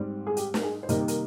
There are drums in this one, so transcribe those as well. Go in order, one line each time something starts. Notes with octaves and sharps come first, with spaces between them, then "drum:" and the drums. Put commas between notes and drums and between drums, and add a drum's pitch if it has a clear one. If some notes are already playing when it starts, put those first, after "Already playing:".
Already playing: G#2 G3 C4
G#4
G4, drum: hi-hat
drum: snare
G#4
C5
C3 D#3 G3 A#3 D#4 A#4, drum: hi-hat
A#4, drum: hi-hat